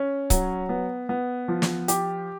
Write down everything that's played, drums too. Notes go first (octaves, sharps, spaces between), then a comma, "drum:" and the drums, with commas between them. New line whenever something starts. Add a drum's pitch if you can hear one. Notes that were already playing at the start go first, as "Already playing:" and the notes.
Already playing: C#4
F#3, drum: kick C#1, hi-hat
B3
B3
F3
drum: snare
G4, drum: hi-hat